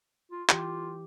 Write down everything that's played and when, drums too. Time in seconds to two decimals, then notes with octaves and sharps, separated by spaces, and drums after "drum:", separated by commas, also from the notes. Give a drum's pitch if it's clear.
0.31 F4
0.49 E3 F4 G4, drum: clap